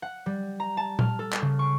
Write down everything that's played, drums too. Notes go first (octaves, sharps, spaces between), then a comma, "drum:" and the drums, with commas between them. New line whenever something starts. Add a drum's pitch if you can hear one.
F#5
G3
A#5
A5
F6, drum: tom A#2
A4
drum: clap
C#3
C#6